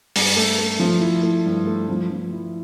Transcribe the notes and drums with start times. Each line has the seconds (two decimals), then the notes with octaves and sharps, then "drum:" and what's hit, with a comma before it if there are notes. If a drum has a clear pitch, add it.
0.16 G2, drum: open hi-hat
0.36 A3
0.59 A3
0.80 F3
1.01 E4
1.23 A3
1.46 G2
1.67 A3
1.89 F3
2.10 F3
2.32 E4